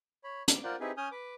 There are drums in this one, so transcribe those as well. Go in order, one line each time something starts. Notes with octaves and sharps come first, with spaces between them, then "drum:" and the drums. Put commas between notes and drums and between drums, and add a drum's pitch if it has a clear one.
C#5 B5
D6, drum: hi-hat
F4 A#4 C5 D5 F#5
C4 D#4 E4 G4 G#4 B4
C#4 G#5 D#6 F6 G6
B4 D6